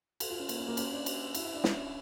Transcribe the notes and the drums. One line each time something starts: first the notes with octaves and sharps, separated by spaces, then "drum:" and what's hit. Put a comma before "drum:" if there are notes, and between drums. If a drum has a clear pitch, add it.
A4, drum: cymbal
F4
C#4
A#3, drum: cymbal
C#4
A#3
C#4, drum: cymbal
D4
drum: cymbal
E4, drum: cymbal
E4
D4
C#4, drum: snare